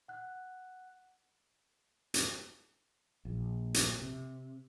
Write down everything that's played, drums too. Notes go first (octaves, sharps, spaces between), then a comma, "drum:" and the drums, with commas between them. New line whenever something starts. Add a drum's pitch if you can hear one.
F#5 F#6
drum: hi-hat
A#1
drum: hi-hat
C3